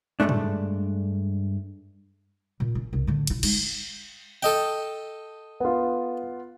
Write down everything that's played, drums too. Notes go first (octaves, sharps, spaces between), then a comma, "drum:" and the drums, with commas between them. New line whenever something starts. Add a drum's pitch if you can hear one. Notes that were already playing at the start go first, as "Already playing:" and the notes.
G2 E3 G#3 A3 D4
drum: tom G#2
A#2
C#4
C2 C3
A2 D3
B2 E4, drum: hi-hat
G#3 D#4, drum: cymbal
A4 D#5 G5
B3 F4